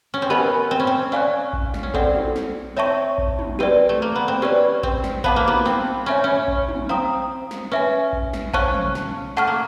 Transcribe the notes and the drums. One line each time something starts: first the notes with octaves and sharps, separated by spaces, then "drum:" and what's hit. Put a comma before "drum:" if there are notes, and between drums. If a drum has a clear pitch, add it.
C#4
C4
B3 G4 A#4 D#5 G#5 B5
C4
C#4
C4
C#4 D5 F5 G#5 C#6 F#6
drum: kick A#1
drum: snare
C#4
C4 A4 D5 F#5, drum: kick A#1
drum: tom
drum: snare
C4 C#5 E5 A5 C#6
drum: kick A#1
drum: tom
C4 G4 B4 D5
A3
A#3
B3
C4
C#4 G4 B4 D5
C4, drum: kick A#1
drum: snare
B3 C5 F5 A5 D6, drum: kick A#1
A#3
B3, drum: tom
C4, drum: snare
C#4 C#5 E5 G#5 B5
C#4
drum: kick A#1
drum: tom
C4 F5 A#5 D#6
drum: snare
C#4 B4 E5 G#5
drum: kick A#1
drum: snare
C#4 C5 F5 A5 C#6 F#6, drum: kick A#1
drum: tom
drum: snare
A3 F#5 A5 C#6 F6
A#3